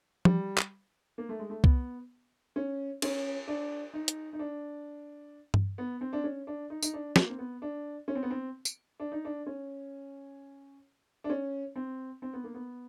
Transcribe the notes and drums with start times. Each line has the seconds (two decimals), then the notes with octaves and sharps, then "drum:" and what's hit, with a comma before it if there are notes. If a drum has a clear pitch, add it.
0.25 G3, drum: tom F3
0.58 drum: clap
1.18 A#3
1.29 A3
1.39 G#3
1.50 A3
1.64 B3, drum: kick C2
2.56 C#4
3.02 C#4, drum: cymbal
3.48 D4
3.94 D#4
4.08 drum: hi-hat
4.33 D#4
4.39 D4
5.54 drum: tom G2
5.78 B3
6.01 C4
6.13 D4
6.24 C#4
6.47 D4
6.70 D#4
6.82 D#4, drum: tambourine
6.94 D4
7.16 A#3, drum: snare
7.29 C4
7.39 B3
7.62 D4
8.08 C#4
8.15 C4
8.23 B3
8.30 C4
8.65 drum: tambourine
9.00 D4
9.12 D#4
9.25 D4
9.46 C#4
11.24 D4
11.30 C#4
11.76 C4
12.22 C4
12.33 B3
12.44 A#3
12.54 B3